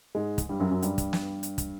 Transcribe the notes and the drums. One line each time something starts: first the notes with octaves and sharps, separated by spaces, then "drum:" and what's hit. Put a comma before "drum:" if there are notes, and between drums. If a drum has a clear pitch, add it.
G#2 G#3
drum: kick, hi-hat
G2 G3
F#2 F#3
F#2 F#3
G2 G3, drum: hi-hat
drum: kick, hi-hat
drum: snare
drum: hi-hat
drum: kick, hi-hat